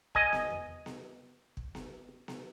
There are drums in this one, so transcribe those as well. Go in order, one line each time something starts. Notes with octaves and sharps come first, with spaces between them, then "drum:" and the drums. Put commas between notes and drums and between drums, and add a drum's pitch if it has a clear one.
D#5 G#5, drum: kick
drum: snare B3
drum: tom E2
drum: snare B3
drum: kick
drum: snare B3
drum: snare B3